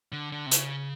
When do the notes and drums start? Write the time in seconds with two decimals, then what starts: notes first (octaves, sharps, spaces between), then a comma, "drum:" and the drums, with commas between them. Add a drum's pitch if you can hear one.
0.12 D3
0.32 D3
0.46 C3
0.52 C#3, drum: hi-hat